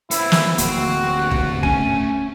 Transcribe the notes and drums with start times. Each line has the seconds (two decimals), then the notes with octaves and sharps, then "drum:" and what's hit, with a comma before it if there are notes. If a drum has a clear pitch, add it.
0.11 B3 E4 C5, drum: hi-hat
0.32 drum: snare
0.58 D1 A#3 F#4 G5 C6, drum: hi-hat
1.20 D4 G4
1.31 drum: kick
1.63 A3 C#4 G#5, drum: kick